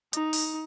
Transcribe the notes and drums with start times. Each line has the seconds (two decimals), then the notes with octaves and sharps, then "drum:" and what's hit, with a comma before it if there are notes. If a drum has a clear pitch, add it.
0.13 D#4, drum: hi-hat
0.33 drum: open hi-hat